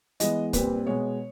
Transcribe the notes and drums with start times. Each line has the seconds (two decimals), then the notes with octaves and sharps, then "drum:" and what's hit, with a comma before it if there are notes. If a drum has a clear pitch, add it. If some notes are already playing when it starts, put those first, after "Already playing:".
0.20 E3 G#3 B3 D#5, drum: hi-hat
0.53 A#2 G3 C4 B4, drum: kick, hi-hat
0.86 B2 G#3 B3 C#5